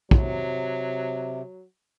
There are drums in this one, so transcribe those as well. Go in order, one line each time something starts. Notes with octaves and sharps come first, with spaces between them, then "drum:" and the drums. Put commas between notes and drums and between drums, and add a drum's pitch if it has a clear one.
C3 F#3, drum: kick